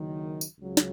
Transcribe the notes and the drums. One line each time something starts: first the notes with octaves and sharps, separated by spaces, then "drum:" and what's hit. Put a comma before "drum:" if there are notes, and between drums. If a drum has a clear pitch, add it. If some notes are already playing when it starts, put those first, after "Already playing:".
Already playing: F#1 F#2 D#3
drum: tambourine
C#2 C#3 F#3
drum: snare